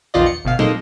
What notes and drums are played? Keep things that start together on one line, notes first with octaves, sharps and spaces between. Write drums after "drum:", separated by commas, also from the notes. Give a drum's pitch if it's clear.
A#1 E2 D#3 F4 D5 D#5
C#7
G1 B2 F5
G#3 A#3 D#4 A4 D#5, drum: tom